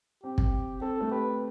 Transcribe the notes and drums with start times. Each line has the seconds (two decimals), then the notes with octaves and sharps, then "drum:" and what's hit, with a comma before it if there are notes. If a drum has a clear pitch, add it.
0.24 C4 G4
0.38 drum: kick
0.81 C4 A4
1.01 A3
1.11 G4 B4